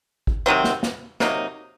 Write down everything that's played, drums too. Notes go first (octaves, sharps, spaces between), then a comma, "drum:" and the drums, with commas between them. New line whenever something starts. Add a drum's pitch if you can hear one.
drum: kick
C3 D#3 F#3 C4
drum: snare
drum: snare
C3 F#3 A#3 D#4, drum: snare